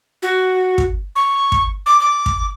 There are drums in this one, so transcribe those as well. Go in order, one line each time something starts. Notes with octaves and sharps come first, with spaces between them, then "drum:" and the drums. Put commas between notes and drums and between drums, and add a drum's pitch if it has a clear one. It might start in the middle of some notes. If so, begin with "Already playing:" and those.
F#4
drum: kick
C#6
drum: kick
D6
D6
drum: kick